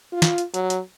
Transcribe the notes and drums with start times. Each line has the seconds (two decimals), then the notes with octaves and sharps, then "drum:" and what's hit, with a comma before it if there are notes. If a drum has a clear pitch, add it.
0.13 F4
0.22 drum: snare
0.38 drum: hi-hat
0.54 F#3, drum: hi-hat
0.70 drum: hi-hat